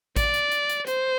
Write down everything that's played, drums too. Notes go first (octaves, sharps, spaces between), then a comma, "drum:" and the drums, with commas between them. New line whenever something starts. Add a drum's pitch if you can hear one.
D5, drum: kick A1, hi-hat
drum: hi-hat
drum: hi-hat
drum: hi-hat
C5, drum: hi-hat